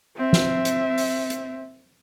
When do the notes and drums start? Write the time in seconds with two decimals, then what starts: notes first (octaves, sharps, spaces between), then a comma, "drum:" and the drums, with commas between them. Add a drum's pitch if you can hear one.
0.16 C4 E5
0.33 drum: snare
0.65 drum: hi-hat
0.98 drum: open hi-hat
1.30 drum: hi-hat